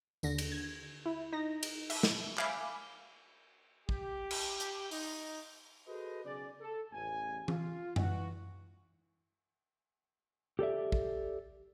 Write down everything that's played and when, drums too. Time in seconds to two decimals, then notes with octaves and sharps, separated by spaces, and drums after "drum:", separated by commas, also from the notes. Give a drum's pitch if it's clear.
0.23 D#2 D3 A#6, drum: tambourine
0.38 drum: cymbal
0.52 G#6
1.06 E4
1.32 D#4 A#6
1.63 drum: cymbal
1.90 E5, drum: cymbal
2.03 drum: snare
2.38 E5 F5 G#5 B5 D6 F6, drum: clap
3.89 G4, drum: kick
4.31 drum: cymbal
4.60 drum: hi-hat
4.91 D#4, drum: open hi-hat
5.87 F#4 G#4 A4 B4 C5 D#5
6.24 B1 C#3 G#4 D5
6.60 A4
6.92 A1 E2 G#5
7.48 F4, drum: tom E3
7.96 E3 F#4, drum: tom F#2
10.59 G4 A4 D5 E5
10.92 drum: kick